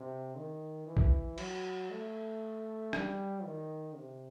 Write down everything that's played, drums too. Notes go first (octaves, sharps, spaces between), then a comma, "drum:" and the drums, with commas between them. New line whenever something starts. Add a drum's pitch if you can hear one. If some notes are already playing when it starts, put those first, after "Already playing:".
Already playing: C3
D#3
E3
drum: kick A#1
F#3, drum: cymbal
A3
G3, drum: rim click
D#3
C3